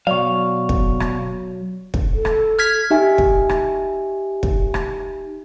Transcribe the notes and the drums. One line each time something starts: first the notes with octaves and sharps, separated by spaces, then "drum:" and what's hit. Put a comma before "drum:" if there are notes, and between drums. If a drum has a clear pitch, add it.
B2 F#3 D5 F5 C#6
drum: kick
drum: rim click
drum: kick
A4
drum: rim click
F6 G#6 B6
D#4 G4 E5 G#5
drum: kick
drum: rim click
drum: kick
drum: rim click